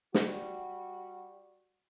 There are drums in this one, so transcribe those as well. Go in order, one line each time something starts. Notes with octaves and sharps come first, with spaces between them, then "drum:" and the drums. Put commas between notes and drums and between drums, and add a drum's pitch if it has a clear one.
G3 F#4, drum: snare